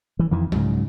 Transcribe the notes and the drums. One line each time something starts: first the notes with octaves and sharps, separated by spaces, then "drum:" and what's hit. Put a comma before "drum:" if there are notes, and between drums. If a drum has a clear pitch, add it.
E3
F2 D#3 E3
G#2 C#3 F#3, drum: tom C2